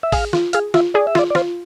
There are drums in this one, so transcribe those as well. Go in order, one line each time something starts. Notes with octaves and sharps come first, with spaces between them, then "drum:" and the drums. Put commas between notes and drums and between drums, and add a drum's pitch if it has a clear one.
E5
G#4 F5, drum: kick A1, open hi-hat
F4, drum: snare
G#4 F5, drum: hi-hat
F4 E5, drum: snare
G#4 D5
E5
F4 D5, drum: snare
D5
F4 C5, drum: snare